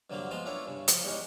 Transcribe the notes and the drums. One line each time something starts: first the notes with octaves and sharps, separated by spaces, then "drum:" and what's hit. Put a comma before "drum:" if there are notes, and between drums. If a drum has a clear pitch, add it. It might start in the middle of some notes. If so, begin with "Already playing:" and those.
G2 D3 F#3 G3 A#3 C4
F3 G#3 B3 A5 A#5 C6
C#4 D4 E4 F4 A#4 C#5
G2 C#3
F3, drum: hi-hat
E2 G3 G#3 C#4 D#4